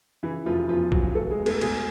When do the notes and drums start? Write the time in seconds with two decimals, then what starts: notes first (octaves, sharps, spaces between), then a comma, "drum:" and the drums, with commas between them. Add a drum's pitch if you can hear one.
0.23 C#3 E3 E4
0.46 F1 F3 F4
0.69 E2 F3 F4
0.92 F#3 F#4, drum: kick A#1
1.15 F#3 A3 A4
1.30 G#3 G#4
1.38 E2
1.46 A3 A4, drum: cymbal
1.61 B2 G#3 G#4, drum: cymbal